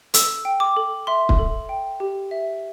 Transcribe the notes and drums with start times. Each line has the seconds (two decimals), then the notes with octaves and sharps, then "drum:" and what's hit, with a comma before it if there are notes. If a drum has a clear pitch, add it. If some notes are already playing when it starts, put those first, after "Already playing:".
0.14 A4 E6, drum: hi-hat
0.45 G5
0.60 D6
0.77 A4
1.07 E5 C6
1.29 drum: kick
1.39 A4
1.69 G5
2.00 G4
2.31 E5